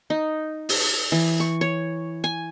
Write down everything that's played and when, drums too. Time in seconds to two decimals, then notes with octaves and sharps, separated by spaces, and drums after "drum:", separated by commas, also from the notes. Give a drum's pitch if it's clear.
0.10 D#4
0.69 drum: open hi-hat
1.12 E3
1.40 C#6
1.61 C#5
2.24 G#5